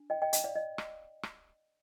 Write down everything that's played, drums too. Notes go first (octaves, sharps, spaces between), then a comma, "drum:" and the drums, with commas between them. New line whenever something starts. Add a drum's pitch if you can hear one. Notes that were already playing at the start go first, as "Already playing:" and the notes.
Already playing: D4
D#5 G5
D#5 G5
D#5 G5, drum: hi-hat
D5 F5
D#5
drum: rim click
drum: rim click